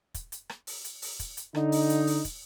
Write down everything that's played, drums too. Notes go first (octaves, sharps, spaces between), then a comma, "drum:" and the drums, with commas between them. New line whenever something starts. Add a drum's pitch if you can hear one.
drum: kick, hi-hat
drum: hi-hat
drum: rim click
drum: open hi-hat
drum: hi-hat
drum: open hi-hat
drum: kick, hi-hat
drum: hi-hat
D3 D#4, drum: rim click
drum: open hi-hat
drum: hi-hat
drum: open hi-hat
drum: kick, hi-hat